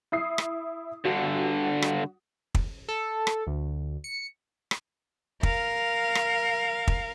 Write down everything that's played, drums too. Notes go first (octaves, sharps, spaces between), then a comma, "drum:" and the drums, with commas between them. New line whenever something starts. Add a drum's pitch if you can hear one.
E4 D#6 C7
drum: rim click
G2 D3 F#4
drum: rim click
drum: kick
A4
drum: rim click
D2
C#7
drum: rim click
A#4 F5, drum: kick
drum: rim click
drum: kick